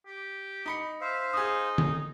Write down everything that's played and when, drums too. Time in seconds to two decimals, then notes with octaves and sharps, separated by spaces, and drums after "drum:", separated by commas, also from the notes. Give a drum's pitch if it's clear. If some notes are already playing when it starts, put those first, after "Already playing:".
0.06 G4
0.66 D#4 B5 C#7
1.01 C5 E5 F5
1.33 D#4 G#4 D#6
1.78 drum: tom D3